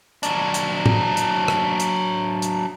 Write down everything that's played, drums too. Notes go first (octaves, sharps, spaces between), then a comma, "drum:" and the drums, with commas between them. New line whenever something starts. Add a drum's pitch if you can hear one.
F#3 D4, drum: hi-hat
drum: hi-hat
drum: tom
drum: hi-hat
drum: rim click
drum: hi-hat
drum: hi-hat